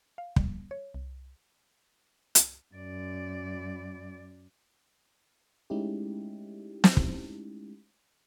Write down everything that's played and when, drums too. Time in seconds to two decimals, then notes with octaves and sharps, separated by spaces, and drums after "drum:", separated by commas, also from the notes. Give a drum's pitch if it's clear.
0.18 F5
0.36 G3, drum: kick
0.71 C#5
0.94 C2
2.35 drum: hi-hat
2.75 F#2 D5
5.70 G#3 A3 C#4 D#4 E4 G4
6.84 drum: snare
6.97 drum: kick